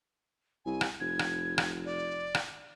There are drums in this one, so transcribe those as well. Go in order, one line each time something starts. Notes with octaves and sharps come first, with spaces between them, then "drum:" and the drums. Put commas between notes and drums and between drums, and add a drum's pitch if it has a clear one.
C2 G#5
drum: rim click
F1 G#6
drum: rim click
drum: rim click
D5
drum: rim click